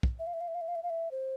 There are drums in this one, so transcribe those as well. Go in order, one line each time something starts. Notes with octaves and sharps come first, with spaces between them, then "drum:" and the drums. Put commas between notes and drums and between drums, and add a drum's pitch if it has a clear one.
drum: kick
E5
F5
E5
F5
E5
F5
E5
F5
E5
F5
E5
C5